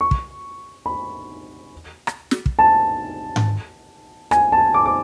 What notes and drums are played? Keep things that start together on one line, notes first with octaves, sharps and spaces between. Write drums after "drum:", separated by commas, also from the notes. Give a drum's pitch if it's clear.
C#6
drum: kick
B5
drum: rim click
drum: snare
drum: kick
A5
drum: tom G#2
G#5, drum: rim click
A5
D6
D6